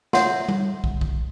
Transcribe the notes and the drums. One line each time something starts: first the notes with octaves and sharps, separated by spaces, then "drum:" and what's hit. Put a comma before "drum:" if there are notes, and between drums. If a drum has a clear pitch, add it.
C#5 E5 F#5 C6, drum: snare
drum: tom G3
drum: kick
drum: kick